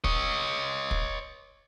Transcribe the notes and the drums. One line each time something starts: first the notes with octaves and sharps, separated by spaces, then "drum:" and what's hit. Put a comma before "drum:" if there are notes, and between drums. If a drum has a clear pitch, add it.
C#5 D#5, drum: kick
drum: kick